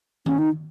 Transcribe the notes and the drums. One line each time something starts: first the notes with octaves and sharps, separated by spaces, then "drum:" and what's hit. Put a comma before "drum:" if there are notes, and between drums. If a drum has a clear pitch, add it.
C#4, drum: tom D#3
D#4